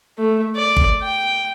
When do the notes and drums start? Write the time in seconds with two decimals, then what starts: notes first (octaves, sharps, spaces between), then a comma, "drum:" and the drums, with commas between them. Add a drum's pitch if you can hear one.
0.18 A3
0.56 D5
0.77 drum: kick G1
1.02 G5